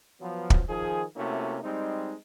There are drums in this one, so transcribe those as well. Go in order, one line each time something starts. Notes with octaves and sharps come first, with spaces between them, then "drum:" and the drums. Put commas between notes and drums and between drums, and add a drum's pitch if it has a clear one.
F3 F#3 B3
drum: kick
D#3 F3 G#4
C3 A3 A#3 C#4 E4 F#4
G3 G#3 C4 D#4